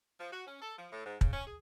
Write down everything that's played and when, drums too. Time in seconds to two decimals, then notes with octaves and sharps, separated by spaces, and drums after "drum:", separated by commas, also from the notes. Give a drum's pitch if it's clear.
0.20 F3
0.33 F#4
0.47 C#4
0.62 A4
0.78 F3
0.92 A2
1.06 G#2
1.21 C#3, drum: kick
1.33 C#4
1.47 G#4